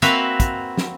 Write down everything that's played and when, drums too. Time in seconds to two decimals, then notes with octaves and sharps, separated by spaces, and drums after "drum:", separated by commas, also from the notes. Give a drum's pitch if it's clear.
0.02 A#3 C4 F#4 B4 E5 F5, drum: hi-hat
0.40 drum: kick, hi-hat
0.77 drum: snare